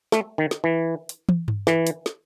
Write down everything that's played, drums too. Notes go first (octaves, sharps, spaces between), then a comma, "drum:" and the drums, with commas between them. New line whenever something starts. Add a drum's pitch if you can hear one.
A3, drum: snare
D#3
drum: snare
E3
drum: hi-hat
drum: tom
drum: tom G2
E3, drum: snare
drum: hi-hat
drum: snare